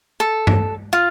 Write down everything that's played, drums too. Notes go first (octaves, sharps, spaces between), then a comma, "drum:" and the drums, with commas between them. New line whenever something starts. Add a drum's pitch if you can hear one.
A4
drum: tom G2
F4